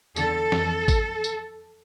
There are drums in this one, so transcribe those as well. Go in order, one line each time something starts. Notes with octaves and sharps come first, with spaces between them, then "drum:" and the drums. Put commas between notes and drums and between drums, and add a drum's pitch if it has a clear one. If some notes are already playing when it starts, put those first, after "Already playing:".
E2 D3 A4, drum: tambourine
F2 E3, drum: snare
drum: kick G#1, tambourine
drum: tambourine